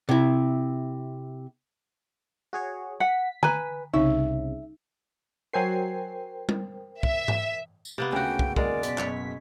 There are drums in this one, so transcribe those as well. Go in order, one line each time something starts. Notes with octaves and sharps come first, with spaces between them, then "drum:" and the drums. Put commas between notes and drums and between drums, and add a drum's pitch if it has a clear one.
C3 E4
F#4 G#4 C#5
F#5 B6
B4 G#5 A#5, drum: tom D3
C2 C#3 D#4 E5
F#3 A#4 C5 G5 G#5 C7
drum: tom G3
E5, drum: kick
drum: tom G#2
drum: tambourine
C3 A#3 B3 A6
D2 C#3 C#4 F#4 G5
drum: kick
D#2 G#3 A#4 D5, drum: kick
F#2 B2 B6, drum: hi-hat
F#1 B2 C#5, drum: clap